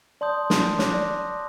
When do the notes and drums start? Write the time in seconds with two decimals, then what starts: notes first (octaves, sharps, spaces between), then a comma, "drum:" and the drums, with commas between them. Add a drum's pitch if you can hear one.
0.21 D5 A5 C6 D#6 G6
0.50 drum: snare
0.79 C#5 D6 F#6 A#6, drum: snare
0.94 D5